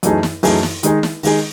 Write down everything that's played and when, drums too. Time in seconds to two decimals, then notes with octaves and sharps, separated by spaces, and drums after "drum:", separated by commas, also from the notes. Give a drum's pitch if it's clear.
0.03 F#2 E3 A3 D#4 G#4, drum: hi-hat
0.23 drum: snare
0.43 F#2 E3 A3 D#4 G#4, drum: open hi-hat
0.63 drum: snare
0.83 D#3 G#3 D#4 G#4, drum: hi-hat
1.03 drum: snare
1.23 D#3 G#3 D#4 G#4, drum: open hi-hat